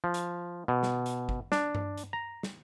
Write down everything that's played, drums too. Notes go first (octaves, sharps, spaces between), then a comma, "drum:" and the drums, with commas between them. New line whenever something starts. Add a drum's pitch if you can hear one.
F3
drum: hi-hat
B2
drum: snare
drum: hi-hat
drum: kick G1
D4, drum: snare
drum: tom G2
drum: hi-hat
A#5
drum: snare